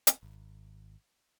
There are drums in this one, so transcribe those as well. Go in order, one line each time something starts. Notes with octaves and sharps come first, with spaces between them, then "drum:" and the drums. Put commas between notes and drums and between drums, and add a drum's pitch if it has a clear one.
drum: hi-hat
G#1